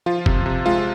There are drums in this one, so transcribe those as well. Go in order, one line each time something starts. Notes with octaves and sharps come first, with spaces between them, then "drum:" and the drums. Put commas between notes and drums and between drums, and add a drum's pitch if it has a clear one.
F3 F4
C3, drum: kick
C3
G#3 F4